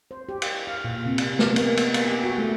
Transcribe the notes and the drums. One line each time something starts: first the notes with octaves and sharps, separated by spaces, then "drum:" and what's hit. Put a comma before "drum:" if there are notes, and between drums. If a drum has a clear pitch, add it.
C5
G4
drum: cymbal
F5
A#2
C3
drum: cymbal
B3, drum: snare
A#3, drum: cymbal
B3, drum: cymbal
drum: cymbal
G4
F#4
A3